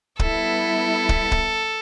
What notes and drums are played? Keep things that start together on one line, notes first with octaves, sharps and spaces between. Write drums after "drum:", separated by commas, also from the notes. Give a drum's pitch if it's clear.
G3 B3 E4 A4, drum: kick
drum: kick
drum: kick